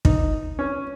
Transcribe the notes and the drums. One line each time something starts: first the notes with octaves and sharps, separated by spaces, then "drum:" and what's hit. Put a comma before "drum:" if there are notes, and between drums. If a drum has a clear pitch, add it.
D#4, drum: kick
C#4